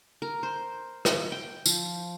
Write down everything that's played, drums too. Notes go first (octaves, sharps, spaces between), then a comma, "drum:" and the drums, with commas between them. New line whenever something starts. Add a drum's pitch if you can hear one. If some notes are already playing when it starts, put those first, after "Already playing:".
A#4
C5
drum: rim click
G5
F3, drum: tambourine